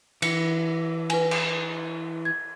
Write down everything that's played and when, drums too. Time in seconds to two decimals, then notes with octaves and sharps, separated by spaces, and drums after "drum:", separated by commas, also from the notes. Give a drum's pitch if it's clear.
0.22 E3 C#7, drum: cymbal
1.10 B4 G#5, drum: cymbal
1.31 drum: cymbal
2.25 G#6